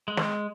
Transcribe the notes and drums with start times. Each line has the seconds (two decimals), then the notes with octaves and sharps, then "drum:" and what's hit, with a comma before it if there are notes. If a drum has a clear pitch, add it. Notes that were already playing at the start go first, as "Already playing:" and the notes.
0.08 G#3
0.17 drum: snare